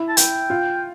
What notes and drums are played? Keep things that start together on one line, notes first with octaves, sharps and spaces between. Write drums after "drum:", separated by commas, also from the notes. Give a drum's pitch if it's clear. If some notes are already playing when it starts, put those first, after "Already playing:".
Already playing: E4
A5
G5, drum: hi-hat
F4